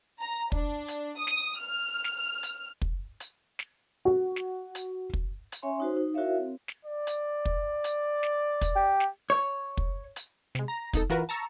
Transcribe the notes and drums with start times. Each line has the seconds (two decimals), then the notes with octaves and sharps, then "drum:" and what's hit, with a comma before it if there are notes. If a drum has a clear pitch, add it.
0.20 A#5
0.52 D4, drum: kick
0.88 drum: hi-hat
1.17 D#6
1.27 drum: snare
1.59 F6
2.04 drum: snare
2.43 drum: hi-hat
2.82 drum: kick
3.20 drum: hi-hat
3.59 drum: snare
4.05 F#4
4.36 drum: snare
4.75 drum: hi-hat
5.13 drum: kick
5.52 drum: hi-hat
5.63 C#4 C#5 E5 G#5 C6
5.80 D#4 F#4 C5
5.97 D#4
6.14 E4 F#4 A#4 C#5 E5 F5
6.38 C4
6.68 drum: snare
6.85 D5
7.07 drum: hi-hat
7.45 drum: kick
7.84 drum: hi-hat
8.23 drum: snare
8.61 drum: kick, hi-hat
8.76 G4
9.00 drum: snare
9.30 C#5
9.77 drum: kick
10.16 drum: hi-hat
10.55 C3 G#3, drum: snare
10.68 A#5
10.93 G#1 D#4 A4, drum: kick, hi-hat
11.10 E3 F4 F#4 A#4 B4
11.29 A5 A#5 C#6 E6